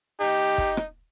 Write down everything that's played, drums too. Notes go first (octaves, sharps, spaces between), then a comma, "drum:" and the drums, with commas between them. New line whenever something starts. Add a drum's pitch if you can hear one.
D#4 G4
drum: kick
drum: rim click